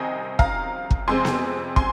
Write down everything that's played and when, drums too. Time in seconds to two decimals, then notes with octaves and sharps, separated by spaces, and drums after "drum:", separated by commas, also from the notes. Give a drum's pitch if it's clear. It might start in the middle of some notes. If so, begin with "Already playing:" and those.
Already playing: C2 C3 D#3 C4 D#5 G#5
0.39 F5 A#5, drum: kick
0.91 drum: kick
1.08 F2 C3 G#3 C4 G#5 C6
1.25 drum: snare B3
1.76 G#5 C6, drum: kick